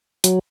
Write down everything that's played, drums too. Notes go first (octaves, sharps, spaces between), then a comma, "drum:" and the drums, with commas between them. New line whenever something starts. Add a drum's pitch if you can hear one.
F#3, drum: hi-hat